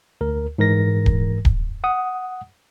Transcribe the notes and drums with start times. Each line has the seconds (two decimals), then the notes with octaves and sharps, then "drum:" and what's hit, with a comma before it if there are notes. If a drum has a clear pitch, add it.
0.21 D2 A#4
0.58 G#2 E3 A#4 A#6
1.06 drum: kick D1
1.45 drum: kick D1
1.84 F#5 D#6